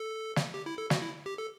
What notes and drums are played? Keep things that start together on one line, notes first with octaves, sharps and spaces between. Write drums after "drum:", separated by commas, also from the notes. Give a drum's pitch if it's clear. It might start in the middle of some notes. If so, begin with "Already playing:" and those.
Already playing: A4
drum: snare
G4
E4
A4
F#4, drum: snare
E4
G4
A4